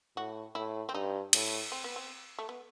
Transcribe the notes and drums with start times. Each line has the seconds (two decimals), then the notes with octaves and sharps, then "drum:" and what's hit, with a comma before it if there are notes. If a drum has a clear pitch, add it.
0.17 A2 F#4
0.55 A2 E4
0.89 C4
0.94 G2 D#4
1.33 A2, drum: cymbal
1.72 C4
1.84 B3
1.96 C4
2.39 A3
2.49 B3